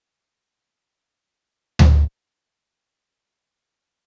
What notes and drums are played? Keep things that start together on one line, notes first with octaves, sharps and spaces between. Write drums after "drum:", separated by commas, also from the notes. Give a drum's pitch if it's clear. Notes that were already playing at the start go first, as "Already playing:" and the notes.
D#5 F5
drum: tom D2
F#3
C#3
F#2
E5
B2
A#3
A2
G3
F#3
E2
E4